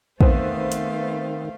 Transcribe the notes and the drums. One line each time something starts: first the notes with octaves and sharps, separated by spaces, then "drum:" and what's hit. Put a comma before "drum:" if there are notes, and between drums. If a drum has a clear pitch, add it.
D#3 A3 B3 C4 C5 F5, drum: kick
drum: hi-hat